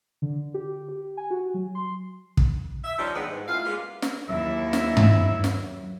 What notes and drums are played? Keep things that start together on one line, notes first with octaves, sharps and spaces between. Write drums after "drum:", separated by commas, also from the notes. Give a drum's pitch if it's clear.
D3
G4
G4
G#5
F#4
F#3
C6
drum: kick
E5
D#3 F3 G3 C#4 D#4
G2 D#3 G#3 B3 B4 E5
G#2
F#2 A2 E4 F4 F5
G3 G#3 A#3 B3 F4
drum: snare
D#2 F#3 A#3 E4 E5
drum: snare
drum: tom G2
drum: snare